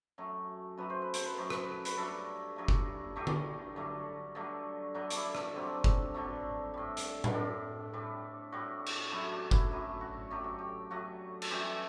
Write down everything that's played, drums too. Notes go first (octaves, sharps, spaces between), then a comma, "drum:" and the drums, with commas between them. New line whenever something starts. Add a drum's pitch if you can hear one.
F#2 F#3 A3
F#2 F#3 A3 B4
C5
B4
C5, drum: hi-hat
B4
F#2 F#3 A3 C5
B4, drum: rim click
B4, drum: hi-hat
G2 F#3 A3 A4
G2 F#3 A3
drum: kick F#1
G2 F#3 A3 G4
drum: tom D3
G2 F#3 A3
G2 D3 F#3 A3
G2 D3 F#3 A3 F#4
D4 E4, drum: hi-hat
D4, drum: rim click
G2 D3 F#3 A3 C4
drum: kick F#1
G2 D3 F#3 A3
A2 G3
drum: hi-hat
drum: tom A2
A2 G3 D4
A2 G3
A2 G3 F#4
drum: cymbal
F#2 F#3 A3 E4
D4
E4, drum: kick F#1
F#2 F#3 A3 E4
F#4
F#2 F#3 A3 G4
F#4
G4
F#2 F#3 A3 F#4
A4, drum: cymbal
F#2 E3 G3 G4